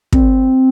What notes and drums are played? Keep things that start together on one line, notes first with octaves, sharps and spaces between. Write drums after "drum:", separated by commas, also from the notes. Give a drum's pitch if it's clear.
C4, drum: kick